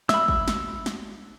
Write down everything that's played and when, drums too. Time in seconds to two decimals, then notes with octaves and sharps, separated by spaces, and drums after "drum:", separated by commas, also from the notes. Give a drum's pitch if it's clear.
0.09 E5 B5 E6, drum: snare
0.28 drum: kick
0.48 drum: snare
0.86 drum: snare